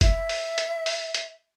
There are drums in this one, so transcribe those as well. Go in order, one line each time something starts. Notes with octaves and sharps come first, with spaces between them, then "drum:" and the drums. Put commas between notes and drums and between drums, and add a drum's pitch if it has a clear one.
E5, drum: kick F#1, hi-hat
drum: open hi-hat
drum: hi-hat
drum: open hi-hat
drum: hi-hat